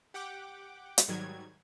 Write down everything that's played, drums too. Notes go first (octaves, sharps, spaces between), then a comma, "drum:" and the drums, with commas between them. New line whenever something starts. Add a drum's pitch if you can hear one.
G4 F#5 G5 D6
drum: hi-hat
G#2 D#3 F#3 G3 G#6